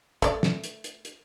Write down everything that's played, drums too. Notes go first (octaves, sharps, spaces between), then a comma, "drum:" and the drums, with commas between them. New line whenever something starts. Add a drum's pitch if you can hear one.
A3 D5, drum: kick, hi-hat
drum: snare
drum: hi-hat
drum: hi-hat
drum: hi-hat